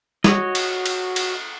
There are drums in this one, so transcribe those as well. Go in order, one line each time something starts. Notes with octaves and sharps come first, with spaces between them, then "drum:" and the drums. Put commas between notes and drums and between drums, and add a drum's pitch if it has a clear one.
F#4 C#5 D#5, drum: snare
drum: cymbal
drum: cymbal
drum: cymbal